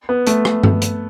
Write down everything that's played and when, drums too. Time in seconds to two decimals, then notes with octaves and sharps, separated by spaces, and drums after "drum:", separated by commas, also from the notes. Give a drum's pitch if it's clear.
0.09 B3
0.27 A3, drum: hi-hat
0.45 drum: rim click
0.63 drum: tom G2
0.82 drum: hi-hat